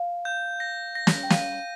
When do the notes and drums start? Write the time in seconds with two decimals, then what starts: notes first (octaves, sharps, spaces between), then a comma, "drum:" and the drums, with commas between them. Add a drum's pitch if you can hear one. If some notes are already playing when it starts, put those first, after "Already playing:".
Already playing: F5
0.25 G6
0.60 A#6
0.95 A#6
1.07 drum: snare
1.23 G5
1.30 F5 D#7, drum: snare